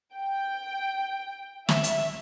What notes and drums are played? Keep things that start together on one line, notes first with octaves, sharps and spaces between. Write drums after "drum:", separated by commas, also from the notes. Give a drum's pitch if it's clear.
G5
E5, drum: snare
drum: hi-hat